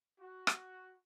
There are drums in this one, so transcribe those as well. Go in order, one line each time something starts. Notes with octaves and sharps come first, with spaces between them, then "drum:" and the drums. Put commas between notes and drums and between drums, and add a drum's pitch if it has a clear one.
F#4
drum: rim click